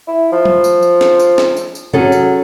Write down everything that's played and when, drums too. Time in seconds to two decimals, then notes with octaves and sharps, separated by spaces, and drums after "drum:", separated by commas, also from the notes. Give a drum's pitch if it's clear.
0.07 E4
0.32 F3
0.45 drum: tom
0.64 drum: tambourine
0.82 drum: tambourine
1.01 drum: snare
1.19 drum: tambourine
1.38 drum: snare
1.57 drum: tambourine
1.75 drum: tambourine
1.94 F#3 C#4 G#4 A4, drum: tom C3
2.12 drum: tambourine